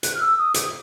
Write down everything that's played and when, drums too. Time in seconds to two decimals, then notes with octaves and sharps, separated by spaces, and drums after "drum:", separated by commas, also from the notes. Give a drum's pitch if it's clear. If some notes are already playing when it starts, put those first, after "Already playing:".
0.03 F#6, drum: hi-hat
0.14 F6
0.20 E6
0.38 D#6
0.54 D6, drum: hi-hat